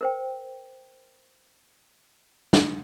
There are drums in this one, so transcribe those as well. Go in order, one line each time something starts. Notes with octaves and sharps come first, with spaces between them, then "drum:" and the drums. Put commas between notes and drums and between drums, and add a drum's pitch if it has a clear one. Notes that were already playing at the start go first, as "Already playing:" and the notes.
A#4 C5 G5
drum: snare